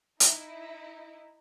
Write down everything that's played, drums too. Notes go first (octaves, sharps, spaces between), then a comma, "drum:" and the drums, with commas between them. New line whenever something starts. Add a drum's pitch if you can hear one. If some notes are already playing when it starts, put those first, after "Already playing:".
D#4 E4, drum: hi-hat